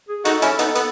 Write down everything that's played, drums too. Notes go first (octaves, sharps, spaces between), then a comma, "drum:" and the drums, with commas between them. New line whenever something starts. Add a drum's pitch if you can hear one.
G#4
D#4 F#4 A4, drum: hi-hat
C#4 E4, drum: hi-hat
B3 D#4, drum: hi-hat
B3, drum: hi-hat